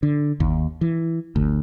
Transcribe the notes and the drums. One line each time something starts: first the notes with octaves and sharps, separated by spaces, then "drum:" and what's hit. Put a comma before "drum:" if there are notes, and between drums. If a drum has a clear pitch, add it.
D3
D#2, drum: kick G1
E3
D2, drum: kick G1